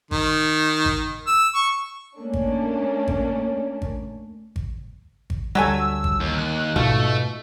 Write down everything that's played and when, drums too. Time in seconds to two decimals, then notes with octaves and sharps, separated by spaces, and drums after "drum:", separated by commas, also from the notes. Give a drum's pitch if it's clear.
0.11 D#3, drum: kick G#1
0.85 drum: kick G#1
1.27 E6
1.55 C#6
2.17 A3 A#3 C#4 D4
2.33 drum: kick G#1
3.08 drum: kick G#1
3.82 drum: kick G#1
4.56 drum: kick G#1
5.30 drum: kick G#1
5.55 D2 F#3 G3 A3 G#5 E6
6.04 drum: kick G#1
6.20 D#2
6.38 F#6
6.76 G#2 B2 A3 F4, drum: kick G#1